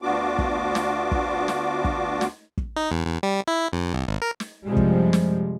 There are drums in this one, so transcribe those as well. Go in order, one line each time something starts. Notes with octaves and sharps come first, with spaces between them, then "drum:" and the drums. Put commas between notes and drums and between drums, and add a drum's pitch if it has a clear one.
D2 B3 D4 F4 F#4 D6
drum: kick
drum: snare
drum: kick
drum: snare
drum: kick
drum: snare
drum: kick
D#4
E2
E2
G3
E4
F2
C2
G#1
A#4
drum: snare
F#2 C3 F3 G3 G#3
drum: kick
drum: snare